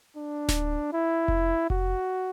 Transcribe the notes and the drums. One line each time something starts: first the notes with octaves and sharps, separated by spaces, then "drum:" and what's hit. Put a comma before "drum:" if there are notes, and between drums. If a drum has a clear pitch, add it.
D4
drum: snare D1
E4
drum: kick F1
F#4, drum: kick F1